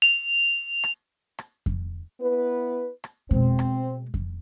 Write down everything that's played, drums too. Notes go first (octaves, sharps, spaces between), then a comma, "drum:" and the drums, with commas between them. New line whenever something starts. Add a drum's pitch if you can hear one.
F7
drum: rim click
drum: rim click
drum: kick F2
B3 E4 B4
drum: rim click
B2 G#3 C4, drum: kick F2
drum: rim click
drum: kick F2